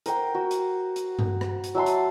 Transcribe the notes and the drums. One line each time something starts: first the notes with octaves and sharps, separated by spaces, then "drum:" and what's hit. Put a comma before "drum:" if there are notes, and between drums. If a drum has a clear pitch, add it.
A#4 C5 F#5 G5, drum: hi-hat
F#4
drum: hi-hat
drum: hi-hat
drum: tom G2
drum: rim click
drum: hi-hat
F#3 E5 A5 C6
drum: hi-hat